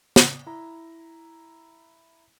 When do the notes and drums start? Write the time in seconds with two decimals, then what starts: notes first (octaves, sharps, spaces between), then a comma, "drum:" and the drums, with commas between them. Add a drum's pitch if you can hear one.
0.16 drum: snare
0.47 E4 A#5